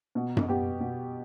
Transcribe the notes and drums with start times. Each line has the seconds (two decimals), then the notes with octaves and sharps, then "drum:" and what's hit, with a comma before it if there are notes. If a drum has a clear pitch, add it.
0.15 B2
0.37 drum: tom F#2
0.48 B3 G4
0.80 B2